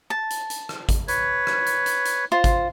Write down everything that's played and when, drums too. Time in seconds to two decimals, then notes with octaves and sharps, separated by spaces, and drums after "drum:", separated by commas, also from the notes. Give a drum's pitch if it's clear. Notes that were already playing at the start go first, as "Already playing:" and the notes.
0.10 A5
0.30 drum: hi-hat
0.50 drum: hi-hat
0.69 drum: rim click
0.89 drum: kick G#1, hi-hat
1.08 B4 C#5, drum: hi-hat
1.47 drum: rim click
1.66 drum: hi-hat
1.86 drum: hi-hat
2.05 drum: hi-hat
2.32 F4 C5
2.44 drum: kick G#1, hi-hat